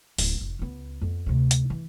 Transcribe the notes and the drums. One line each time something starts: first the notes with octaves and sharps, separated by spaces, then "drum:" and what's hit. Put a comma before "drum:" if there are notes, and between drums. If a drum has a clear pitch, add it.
D1 B3, drum: open hi-hat
F1
C#2 B3
F2 B3
D2 C3
drum: hi-hat
E3